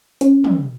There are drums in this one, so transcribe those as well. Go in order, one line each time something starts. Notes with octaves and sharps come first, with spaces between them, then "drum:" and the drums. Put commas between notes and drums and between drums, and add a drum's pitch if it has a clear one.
C#4, drum: hi-hat
drum: tom